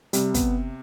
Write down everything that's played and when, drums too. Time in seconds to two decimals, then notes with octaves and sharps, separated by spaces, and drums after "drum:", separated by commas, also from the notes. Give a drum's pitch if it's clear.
0.13 C3 G3, drum: hi-hat
0.34 B3, drum: kick, hi-hat